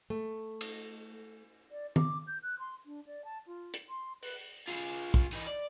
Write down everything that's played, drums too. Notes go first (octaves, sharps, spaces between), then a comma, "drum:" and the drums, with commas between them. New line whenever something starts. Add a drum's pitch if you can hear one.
A3
drum: cymbal
D5
D6, drum: tom D#3
G6
F#6
C6
D4
D5
A5
F4
drum: hi-hat
C6
B4, drum: open hi-hat
F4 G#4
drum: kick
E3 D#4
D5